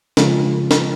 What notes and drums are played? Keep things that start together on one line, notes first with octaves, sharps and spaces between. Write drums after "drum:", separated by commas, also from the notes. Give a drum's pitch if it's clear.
C#3 F3 G#3 C#4 F4, drum: snare
drum: snare